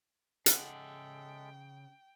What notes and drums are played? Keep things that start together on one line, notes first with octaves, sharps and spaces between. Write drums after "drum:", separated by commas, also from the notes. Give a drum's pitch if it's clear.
C#3 G#3 A4 D5 E5 F#5 G5, drum: hi-hat